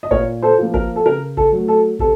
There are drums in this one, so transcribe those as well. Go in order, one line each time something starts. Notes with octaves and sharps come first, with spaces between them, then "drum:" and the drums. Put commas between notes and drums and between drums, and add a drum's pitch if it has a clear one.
D#5
A#2 A#4 C#5, drum: kick
A4 C5
F3 A#3
A#4, drum: kick
A4
C#3 A#4
A4, drum: kick
F#3 A3
A4
C3 A4, drum: kick